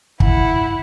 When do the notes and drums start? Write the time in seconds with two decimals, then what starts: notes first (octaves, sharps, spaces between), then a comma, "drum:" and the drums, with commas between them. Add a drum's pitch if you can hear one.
0.20 E4 F#5, drum: kick